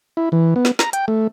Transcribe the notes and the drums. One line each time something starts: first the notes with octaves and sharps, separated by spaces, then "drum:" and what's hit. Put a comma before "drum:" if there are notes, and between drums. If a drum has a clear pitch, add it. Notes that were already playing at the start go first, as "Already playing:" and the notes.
E4
E3
B3
drum: snare
A#5, drum: snare
G5, drum: hi-hat
A3